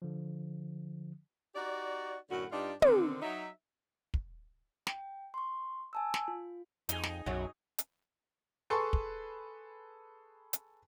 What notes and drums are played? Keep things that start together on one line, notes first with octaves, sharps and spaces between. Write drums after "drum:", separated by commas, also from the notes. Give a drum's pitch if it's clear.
D3 F3
D#4 F#4 G4 D5
F#2 A2 D3 F#4
G2 D4 D#4 F4 G4 D5
B2 D3 D#3 C4, drum: tom
F#3 D#4 E5
drum: kick
G5, drum: snare
C6 C#6
G#5 A5 E6
drum: snare
F4
F2 D#4 G#4, drum: hi-hat
drum: snare
B1 F#2 F#3
drum: hi-hat
G#4 A4 B4 A5 C6 C#6
drum: kick
drum: hi-hat